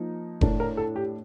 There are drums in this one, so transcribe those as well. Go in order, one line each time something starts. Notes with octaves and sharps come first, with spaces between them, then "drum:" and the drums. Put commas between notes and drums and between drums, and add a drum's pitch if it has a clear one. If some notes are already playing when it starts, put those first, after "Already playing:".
Already playing: F3 A#3 D#4
A2 A3 D4 A#4, drum: kick F1
A#4
A4
G4